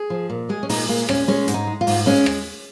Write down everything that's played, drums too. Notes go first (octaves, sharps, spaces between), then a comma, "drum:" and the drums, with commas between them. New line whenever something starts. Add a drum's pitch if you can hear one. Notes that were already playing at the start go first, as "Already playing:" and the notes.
Already playing: G#4
F3
A#2
G#3 G#4
C#4
A#2 D#4, drum: open hi-hat
G#3 A#3
A#2 C#4, drum: rim click
G#3 C#4
G#2, drum: hi-hat
D#4
G#3
F4
G#2, drum: open hi-hat
G#3 C#4
drum: rim click